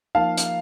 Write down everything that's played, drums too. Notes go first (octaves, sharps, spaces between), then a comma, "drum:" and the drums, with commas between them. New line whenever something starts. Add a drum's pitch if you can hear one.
F3 A#3 D#4 F5 A5
drum: hi-hat